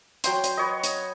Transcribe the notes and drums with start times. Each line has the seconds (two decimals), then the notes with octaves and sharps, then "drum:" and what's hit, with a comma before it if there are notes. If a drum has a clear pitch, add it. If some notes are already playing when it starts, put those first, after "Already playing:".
0.24 F#3 G5 C6, drum: hi-hat
0.44 drum: hi-hat
0.57 B4 C#5 D#5
0.84 drum: hi-hat